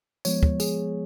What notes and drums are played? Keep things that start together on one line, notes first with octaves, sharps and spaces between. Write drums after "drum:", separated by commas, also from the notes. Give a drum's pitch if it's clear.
F3 G#3 B3 C#5, drum: tambourine
drum: kick
G#4, drum: tambourine